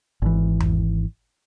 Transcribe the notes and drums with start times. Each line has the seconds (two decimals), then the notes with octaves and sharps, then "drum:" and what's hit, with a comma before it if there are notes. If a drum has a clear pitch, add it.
0.22 G#1 E3
0.60 drum: tom E2